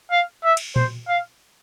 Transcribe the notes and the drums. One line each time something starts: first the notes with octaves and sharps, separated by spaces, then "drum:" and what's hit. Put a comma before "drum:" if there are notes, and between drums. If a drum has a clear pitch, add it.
F5
E5
drum: cymbal
C5, drum: tom A#2
F5